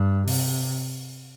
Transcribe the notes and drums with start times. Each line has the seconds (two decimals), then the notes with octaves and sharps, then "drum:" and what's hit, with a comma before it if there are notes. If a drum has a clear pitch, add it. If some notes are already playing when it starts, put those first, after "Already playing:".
Already playing: G2
0.28 C3, drum: open hi-hat